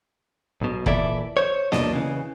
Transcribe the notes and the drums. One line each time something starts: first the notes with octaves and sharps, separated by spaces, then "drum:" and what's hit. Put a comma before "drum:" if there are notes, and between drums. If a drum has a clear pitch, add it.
B1 B2
A#2 E3 E4 A4 D5 E5, drum: kick
C5 C#5
B1 E2 B2 D4 D#5, drum: snare A#3
C#3 E3